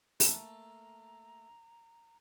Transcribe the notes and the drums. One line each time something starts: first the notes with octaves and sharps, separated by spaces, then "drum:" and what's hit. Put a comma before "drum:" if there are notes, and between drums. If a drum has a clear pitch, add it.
A3 A#3 A4 A#5, drum: open hi-hat